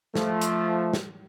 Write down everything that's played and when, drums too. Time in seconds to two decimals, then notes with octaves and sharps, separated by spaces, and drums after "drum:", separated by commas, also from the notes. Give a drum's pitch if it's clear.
0.15 F3 A3, drum: snare
0.41 drum: hi-hat
0.93 drum: snare